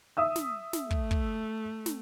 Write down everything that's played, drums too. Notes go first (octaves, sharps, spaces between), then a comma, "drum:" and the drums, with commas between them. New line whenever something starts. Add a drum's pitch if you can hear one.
E5 D#6 E6
drum: snare
drum: snare
A3, drum: kick
drum: kick
drum: snare